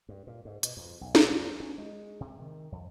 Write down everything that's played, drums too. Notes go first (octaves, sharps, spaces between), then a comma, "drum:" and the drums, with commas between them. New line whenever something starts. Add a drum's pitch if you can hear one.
G2
A#2
G#2
B2, drum: hi-hat
F2
B1
drum: snare
F2
C#4
G#3
C3
D#3
F2